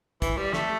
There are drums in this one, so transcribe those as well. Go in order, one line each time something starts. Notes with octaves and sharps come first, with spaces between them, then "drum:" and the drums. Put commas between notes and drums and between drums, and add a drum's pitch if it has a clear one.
E3, drum: kick, hi-hat
G3
A3, drum: snare